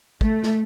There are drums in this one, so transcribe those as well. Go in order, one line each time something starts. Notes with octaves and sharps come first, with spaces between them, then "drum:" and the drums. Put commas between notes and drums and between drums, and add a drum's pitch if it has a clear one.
A3, drum: kick
drum: snare